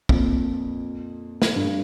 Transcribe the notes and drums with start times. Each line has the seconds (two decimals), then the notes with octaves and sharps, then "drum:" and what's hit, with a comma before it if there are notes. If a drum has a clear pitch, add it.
0.09 F2 A#2, drum: kick
1.42 drum: snare
1.56 G2